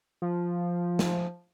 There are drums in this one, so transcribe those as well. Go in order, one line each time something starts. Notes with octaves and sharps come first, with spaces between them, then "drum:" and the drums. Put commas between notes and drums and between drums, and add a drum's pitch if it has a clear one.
F3
drum: snare